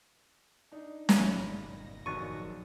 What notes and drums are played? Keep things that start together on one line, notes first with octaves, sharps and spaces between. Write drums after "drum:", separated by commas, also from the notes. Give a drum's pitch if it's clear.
D4 D#4
G1 A#2 E5 B5 A#6 D#7, drum: snare
A#1 F#2 D#3 C#6 F#6 A6 D#7